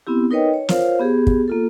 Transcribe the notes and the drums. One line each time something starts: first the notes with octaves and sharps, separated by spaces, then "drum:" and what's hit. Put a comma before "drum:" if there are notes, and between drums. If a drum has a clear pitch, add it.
B3 C4 E4 G4
D#4 A#4 B4 C#5 D#5 G5
C#5
F4 A#4 C5 C#5 F5, drum: snare
B3 G4 G#4
drum: kick
A#3 F4 A4